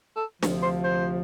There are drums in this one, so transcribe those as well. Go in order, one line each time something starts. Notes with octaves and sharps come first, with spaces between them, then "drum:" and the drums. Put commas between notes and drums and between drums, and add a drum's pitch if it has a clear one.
A4
D2 C3 F3, drum: snare
C5
C5